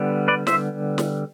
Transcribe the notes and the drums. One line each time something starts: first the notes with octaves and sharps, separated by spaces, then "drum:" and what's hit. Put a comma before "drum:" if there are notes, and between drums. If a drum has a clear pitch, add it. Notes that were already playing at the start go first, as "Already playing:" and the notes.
Already playing: D3 G3 B3
B4 D5
C5 E5, drum: snare
drum: snare